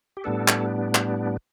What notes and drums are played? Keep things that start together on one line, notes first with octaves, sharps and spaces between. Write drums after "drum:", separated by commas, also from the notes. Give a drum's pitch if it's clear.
G4
A2 G3 B3 D4 A4
drum: clap
drum: clap